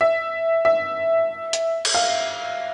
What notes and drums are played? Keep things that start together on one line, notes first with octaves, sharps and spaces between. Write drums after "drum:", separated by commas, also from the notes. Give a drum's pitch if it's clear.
E5
E5
drum: hi-hat
drum: cymbal
F5